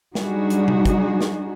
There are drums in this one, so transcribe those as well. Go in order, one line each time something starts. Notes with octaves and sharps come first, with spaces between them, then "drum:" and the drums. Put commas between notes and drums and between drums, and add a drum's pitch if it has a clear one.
F#3 G3 D4 D#4 F#4 G#4, drum: snare
drum: hi-hat
drum: tom C3
drum: kick, hi-hat
drum: snare